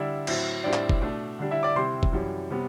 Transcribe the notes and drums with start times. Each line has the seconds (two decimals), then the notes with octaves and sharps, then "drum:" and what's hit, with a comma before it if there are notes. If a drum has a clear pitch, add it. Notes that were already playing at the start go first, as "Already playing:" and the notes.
Already playing: D3 G3 D4 E4 E5
0.27 A2 F#3 C4 E4, drum: cymbal
0.64 A2 G3 C4 D4 E4 D5
0.73 drum: clap
0.89 drum: kick
1.01 B2 A3 D4
1.39 D3 G3 D4
1.51 E4 E5
1.63 D5 D6
1.76 C3 G3 C4 E4 C5 C6
2.03 drum: kick
2.13 F#2 E3 G3
2.50 C3 G3 B3